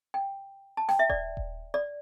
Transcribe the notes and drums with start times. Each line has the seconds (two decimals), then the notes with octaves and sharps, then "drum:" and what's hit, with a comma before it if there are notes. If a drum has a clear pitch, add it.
0.14 G5
0.77 A5
0.89 G5, drum: snare
0.99 E5
1.10 D5, drum: kick D#1
1.37 drum: kick D#1
1.74 D5